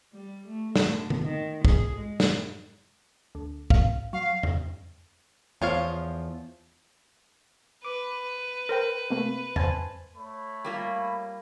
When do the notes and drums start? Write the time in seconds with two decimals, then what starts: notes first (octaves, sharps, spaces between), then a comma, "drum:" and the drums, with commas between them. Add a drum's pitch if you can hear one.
0.13 G3
0.47 A3
0.76 drum: snare
0.88 D3
1.10 drum: tom D3
1.22 D#3
1.65 G#4, drum: kick
1.95 G#3
2.20 drum: snare
3.35 D2
3.70 F5, drum: kick
4.13 F#3 F5
4.43 drum: tom E2
5.62 E2 F3 C#5 F5
7.84 B4 D6
8.69 A#4 C5 G5
9.10 C3 A3 A#3
9.56 C5 G#5 A5, drum: tom E2
10.16 A3 C#5 B5
10.65 G3 A#3 F4